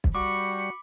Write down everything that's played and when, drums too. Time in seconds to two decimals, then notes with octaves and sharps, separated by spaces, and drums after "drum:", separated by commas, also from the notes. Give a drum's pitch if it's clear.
0.04 drum: kick
0.15 G3 F#4 B5 D6 C#7